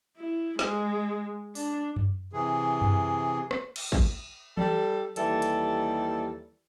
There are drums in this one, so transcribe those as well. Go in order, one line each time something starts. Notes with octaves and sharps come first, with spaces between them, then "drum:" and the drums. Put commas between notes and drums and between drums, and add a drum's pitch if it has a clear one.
E4
G#3, drum: snare
D4, drum: open hi-hat
drum: tom F#2
C3 E3 G#4
drum: tom F#2
drum: rim click
drum: cymbal
drum: kick
G3 A4, drum: tom E3
D#2 E3 G3 A4, drum: hi-hat
drum: hi-hat